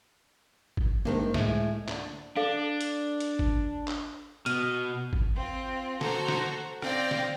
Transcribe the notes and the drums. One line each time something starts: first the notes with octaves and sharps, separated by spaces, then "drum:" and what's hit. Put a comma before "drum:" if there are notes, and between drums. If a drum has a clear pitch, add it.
drum: kick G#1
G2 D#3 G#3 A#3 C4
C#2 A2 G#3, drum: snare
D3, drum: clap
D4 A4 F5
drum: hi-hat
drum: hi-hat
drum: kick G#1
drum: clap
B2 F6 D#7, drum: hi-hat
drum: kick G#1
C4 F4
F#4 A4 C5 A#5, drum: snare
drum: snare
C4 D5 F5 G5 A#6, drum: rim click
drum: snare